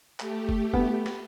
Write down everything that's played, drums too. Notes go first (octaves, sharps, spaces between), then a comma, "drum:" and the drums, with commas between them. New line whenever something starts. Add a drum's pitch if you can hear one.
A3 G4, drum: clap
drum: kick F#1
B3, drum: kick F#1
drum: snare